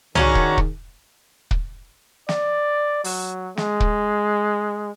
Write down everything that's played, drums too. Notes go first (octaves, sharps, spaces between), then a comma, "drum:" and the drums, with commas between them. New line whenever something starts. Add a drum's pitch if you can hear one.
D#3 C#4 D4 F#4 G#4 C#5 A#5, drum: tom C2
drum: kick
drum: kick
drum: kick
D5, drum: snare
F#3, drum: open hi-hat
G#3, drum: snare
drum: kick